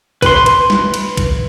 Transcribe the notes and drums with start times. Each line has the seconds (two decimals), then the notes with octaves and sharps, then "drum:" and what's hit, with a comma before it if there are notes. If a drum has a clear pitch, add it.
0.22 B4 C6, drum: kick A#1, cymbal
0.46 drum: cymbal
0.70 drum: snare
0.94 drum: cymbal
1.17 drum: kick A#1, cymbal